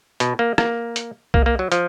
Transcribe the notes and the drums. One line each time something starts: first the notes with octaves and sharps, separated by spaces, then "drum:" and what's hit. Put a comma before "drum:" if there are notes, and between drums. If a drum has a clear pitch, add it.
B2, drum: hi-hat
A#3
A#3, drum: rim click
drum: hi-hat
A#3, drum: kick C2
A#3
F#3
F3, drum: hi-hat